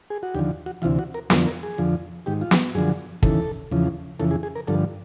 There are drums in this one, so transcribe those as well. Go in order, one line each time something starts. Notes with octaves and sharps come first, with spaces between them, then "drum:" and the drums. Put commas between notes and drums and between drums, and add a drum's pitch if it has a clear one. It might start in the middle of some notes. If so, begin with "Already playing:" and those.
G#4
F#4
D#2 D3 F3 G4
F#4
D2 C3 E3 F4
F#4
A#4
F2 D3 F3 A#4, drum: snare
A#4
G#4
F2 D3 F3
G#2 D#3 G4
F4
F#4, drum: snare
F#2 D3 F3 G#4
D#2 C#3 E3 A4, drum: kick
E2 C#3 F3
F2 C#3 E3 A4
G#4
G#4
A#4
G2 D3 F3 A4